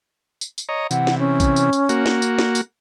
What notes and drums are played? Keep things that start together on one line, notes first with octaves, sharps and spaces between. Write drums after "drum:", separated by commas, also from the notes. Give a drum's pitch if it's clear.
drum: tambourine
drum: tambourine
C#5 D#5 A#5
C3 E3 F#5, drum: tambourine
drum: snare
C#4
drum: kick, tambourine
drum: tambourine
drum: tambourine
A#3 F#4, drum: tambourine
drum: snare
drum: tambourine
drum: snare
drum: tambourine